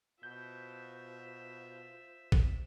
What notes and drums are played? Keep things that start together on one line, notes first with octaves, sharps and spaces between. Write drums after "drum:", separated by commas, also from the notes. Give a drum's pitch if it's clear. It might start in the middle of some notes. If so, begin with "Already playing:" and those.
B2 F4 C5 E5 G6
drum: kick